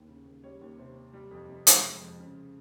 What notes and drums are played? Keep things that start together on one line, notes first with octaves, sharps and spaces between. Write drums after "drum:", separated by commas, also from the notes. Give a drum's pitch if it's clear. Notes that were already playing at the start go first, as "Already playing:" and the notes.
Already playing: D#2
C#3
D#2
G3 C#5
D#2
C3 C5
C4
G3
F2
C3
G#3, drum: hi-hat
F3
F2
C#3